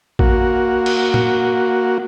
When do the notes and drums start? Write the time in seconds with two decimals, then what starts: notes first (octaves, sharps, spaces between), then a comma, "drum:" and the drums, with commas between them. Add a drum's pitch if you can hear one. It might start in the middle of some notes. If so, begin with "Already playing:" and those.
0.19 A#3 F#4, drum: kick A1
0.86 drum: cymbal
1.14 drum: tom